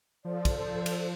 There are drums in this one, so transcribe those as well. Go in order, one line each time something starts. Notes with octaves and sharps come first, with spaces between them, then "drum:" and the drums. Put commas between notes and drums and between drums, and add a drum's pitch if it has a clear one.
F3 A4 C5 D5
drum: kick, cymbal
drum: cymbal